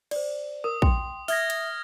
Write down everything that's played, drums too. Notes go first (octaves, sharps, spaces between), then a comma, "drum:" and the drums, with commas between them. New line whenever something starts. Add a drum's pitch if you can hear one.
C5 D5, drum: cymbal
A#4 D#6
G5 C6, drum: kick A#1
E5 D#6 F6 G#6 A#6, drum: open hi-hat
drum: cymbal